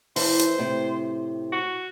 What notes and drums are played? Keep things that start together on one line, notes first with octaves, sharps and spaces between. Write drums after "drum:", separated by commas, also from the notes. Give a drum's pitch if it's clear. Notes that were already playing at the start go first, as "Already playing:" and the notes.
E3 C5, drum: open hi-hat
drum: hi-hat
A2 C3
F#4